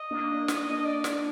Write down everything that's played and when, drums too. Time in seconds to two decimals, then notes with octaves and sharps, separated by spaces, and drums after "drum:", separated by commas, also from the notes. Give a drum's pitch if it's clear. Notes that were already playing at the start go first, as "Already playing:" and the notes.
Already playing: D#5
0.11 A#3 D4
0.48 drum: snare
0.85 D5
1.04 D5, drum: snare